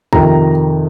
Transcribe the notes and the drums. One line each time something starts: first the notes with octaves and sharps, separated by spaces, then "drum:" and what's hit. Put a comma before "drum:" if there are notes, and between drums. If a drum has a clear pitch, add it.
F2 C3 D#3 A#5, drum: kick